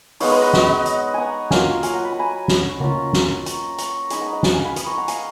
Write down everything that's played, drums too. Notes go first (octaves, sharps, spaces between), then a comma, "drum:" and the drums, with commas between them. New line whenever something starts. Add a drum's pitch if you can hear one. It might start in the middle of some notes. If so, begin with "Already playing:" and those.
G#3 B3 D#4 C#5 F5, drum: open hi-hat
B4 D#5
D#5 F#5
D#5 F#5, drum: snare
D#5 F#5
drum: hi-hat
F#5 G#5 A#5
F#3 A#3 F4 F5 G#5, drum: snare
F5 G#5, drum: hi-hat
F#5 A#5
B5
A#5
G#5 B5
drum: snare
A#3 C#4 F4 F#5 A#5, drum: tom C#3
drum: snare
A#5 C#6, drum: hi-hat
A#5 C#6, drum: hi-hat
G#3 D#4 G#5 B5, drum: hi-hat
F#5 A#5
D#5 F#5
F5 G#5, drum: snare
F5 G#5
G#5 B5
B5 D#6, drum: hi-hat
A#5 C#6
F#5 A#5
F5 G#5, drum: hi-hat